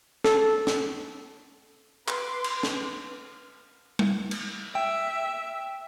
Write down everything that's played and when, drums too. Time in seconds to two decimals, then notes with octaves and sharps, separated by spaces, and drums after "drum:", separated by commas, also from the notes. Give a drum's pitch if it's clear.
0.24 A4, drum: snare
0.67 drum: snare
2.08 B4 C6 D6, drum: clap
2.44 drum: cymbal
2.63 drum: snare
3.99 drum: tom G3
4.31 drum: cymbal
4.75 E5 G5